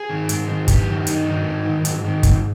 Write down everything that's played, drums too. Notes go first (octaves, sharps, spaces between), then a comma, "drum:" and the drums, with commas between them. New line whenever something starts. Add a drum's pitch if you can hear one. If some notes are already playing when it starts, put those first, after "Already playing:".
Already playing: G#4
D#3
G#2, drum: hi-hat
D#3
G2 G4, drum: kick, hi-hat
D#3
G2 D#4, drum: hi-hat
D#3
G#2
D#3
G#2, drum: hi-hat
D#3
G#2, drum: kick, hi-hat